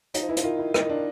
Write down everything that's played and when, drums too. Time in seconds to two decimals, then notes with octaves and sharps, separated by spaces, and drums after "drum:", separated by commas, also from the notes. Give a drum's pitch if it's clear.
0.14 F#3 D#4, drum: hi-hat
0.22 F3
0.29 E3 E4
0.37 F3, drum: hi-hat
0.44 D#3 F4
0.59 E4
0.74 D#3 D#4, drum: rim click
0.90 D4